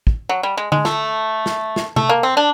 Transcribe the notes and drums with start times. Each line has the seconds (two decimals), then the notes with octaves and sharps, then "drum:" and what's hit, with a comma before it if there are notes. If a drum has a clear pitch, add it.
0.07 drum: kick
0.29 F#3
0.43 G3
0.57 G#3
0.72 G#3, drum: tom D3
0.85 A3, drum: snare
1.46 drum: snare
1.76 drum: snare
1.96 A3, drum: tom C3
2.09 A#3
2.23 C4
2.37 D4